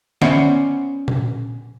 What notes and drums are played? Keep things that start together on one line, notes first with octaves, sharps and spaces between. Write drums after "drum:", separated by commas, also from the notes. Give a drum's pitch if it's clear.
B3 C#4 C5 D5 E5 F#5, drum: snare
drum: tom A#2